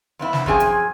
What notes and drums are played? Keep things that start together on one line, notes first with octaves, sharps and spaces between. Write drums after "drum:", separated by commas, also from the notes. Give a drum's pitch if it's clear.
F2 B3 E4
drum: snare
F#2 F3 C4 G#4 G5 G#5, drum: kick
drum: hi-hat